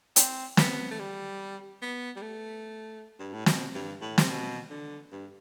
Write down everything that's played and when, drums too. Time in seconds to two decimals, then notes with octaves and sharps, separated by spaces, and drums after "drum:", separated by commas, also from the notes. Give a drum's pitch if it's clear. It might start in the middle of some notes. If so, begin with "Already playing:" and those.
0.16 C4, drum: hi-hat
0.57 B3, drum: snare
0.91 A3
0.99 G3
1.82 B3
2.16 G3
2.22 A3
3.19 G2
3.33 A2
3.46 B2, drum: snare
3.74 G2
4.01 A2
4.18 C3, drum: snare
4.29 B2
4.70 D3
5.11 G2